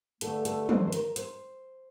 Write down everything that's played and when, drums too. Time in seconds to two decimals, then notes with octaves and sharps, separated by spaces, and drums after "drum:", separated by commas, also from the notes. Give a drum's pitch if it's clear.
0.21 G2 D3 A3 A4, drum: hi-hat
0.45 A4, drum: hi-hat
0.69 C5, drum: tom
0.87 C5
0.92 A#4, drum: hi-hat
1.16 C5, drum: hi-hat